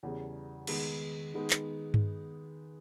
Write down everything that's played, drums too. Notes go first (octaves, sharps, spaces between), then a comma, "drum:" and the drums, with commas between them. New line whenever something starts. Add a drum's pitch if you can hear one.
E2 C#3 G3
D#3 G#3 B3 D#4, drum: cymbal
D#3 G#3 B3 D#4
drum: clap
drum: tom G2